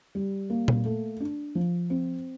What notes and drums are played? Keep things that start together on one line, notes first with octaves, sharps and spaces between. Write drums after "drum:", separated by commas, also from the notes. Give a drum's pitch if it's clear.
G3
A#3
drum: tom A#2
A3
D4
F3
C4